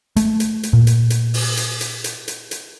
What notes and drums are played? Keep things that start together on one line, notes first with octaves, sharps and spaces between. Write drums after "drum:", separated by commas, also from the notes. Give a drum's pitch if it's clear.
A3, drum: hi-hat
drum: hi-hat
drum: hi-hat
A#2
drum: hi-hat
drum: hi-hat
drum: open hi-hat
drum: hi-hat
drum: hi-hat
drum: hi-hat
drum: hi-hat
drum: hi-hat